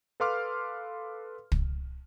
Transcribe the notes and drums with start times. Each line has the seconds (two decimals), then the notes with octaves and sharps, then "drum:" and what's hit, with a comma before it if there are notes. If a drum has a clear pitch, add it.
0.20 A4 B4 F5 C6 D6 F6
1.52 drum: kick